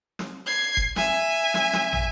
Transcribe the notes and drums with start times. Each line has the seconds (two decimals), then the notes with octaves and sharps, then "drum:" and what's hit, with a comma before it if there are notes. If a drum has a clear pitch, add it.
0.19 drum: snare
0.46 G#6 C7
0.77 drum: kick F#1
0.96 E5 G#5, drum: snare
1.54 drum: snare
1.73 drum: snare
1.93 drum: tom